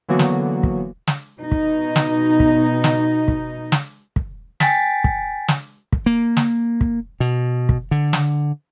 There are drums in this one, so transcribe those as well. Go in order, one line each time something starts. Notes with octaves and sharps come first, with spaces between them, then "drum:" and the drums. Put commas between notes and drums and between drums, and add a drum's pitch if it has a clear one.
D3 E3 F#3 A#3 B3 F#4
drum: snare
drum: kick
drum: snare
B2 D#4
drum: kick
drum: snare
drum: kick
drum: snare
drum: kick
drum: snare
drum: kick
G5 G#5 A6 B6, drum: snare
drum: kick
drum: snare
drum: kick
A#3
drum: snare
drum: kick
B2
drum: kick
D3
drum: snare